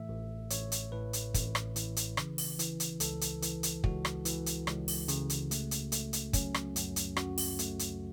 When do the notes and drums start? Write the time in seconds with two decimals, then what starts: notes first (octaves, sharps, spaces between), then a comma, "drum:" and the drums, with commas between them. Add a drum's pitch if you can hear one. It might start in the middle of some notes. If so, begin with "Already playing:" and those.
Already playing: A2 E3 A3 E5
0.09 A1
0.50 A1 C#5, drum: hi-hat
0.72 drum: hi-hat
0.92 A2 B4
1.13 drum: hi-hat
1.34 A1, drum: kick, hi-hat
1.55 drum: rim click
1.76 E3, drum: hi-hat
1.96 drum: hi-hat
2.17 C#3, drum: rim click
2.38 drum: open hi-hat
2.59 E3, drum: hi-hat
2.80 drum: hi-hat
3.00 C#2 A4, drum: hi-hat
3.21 drum: hi-hat
3.42 E3, drum: hi-hat
3.63 drum: hi-hat
3.84 C#2 F#4, drum: kick
4.05 drum: rim click
4.25 E3, drum: hi-hat
4.46 drum: hi-hat
4.67 C#2, drum: rim click
4.88 drum: open hi-hat
5.08 C#3, drum: hi-hat
5.30 drum: hi-hat
5.51 A3, drum: hi-hat
5.71 drum: hi-hat
5.92 A3, drum: hi-hat
6.13 drum: hi-hat
6.33 F#3 C#4, drum: kick, hi-hat
6.54 drum: rim click
6.76 F#2, drum: hi-hat
6.96 drum: hi-hat
7.17 F#2 F#4, drum: rim click
7.38 drum: open hi-hat
7.59 A3, drum: hi-hat
7.79 drum: hi-hat